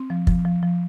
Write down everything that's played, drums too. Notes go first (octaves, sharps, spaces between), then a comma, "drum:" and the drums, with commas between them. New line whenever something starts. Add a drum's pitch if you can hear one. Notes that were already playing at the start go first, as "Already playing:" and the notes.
Already playing: C4
F3
F3, drum: kick
F3
F3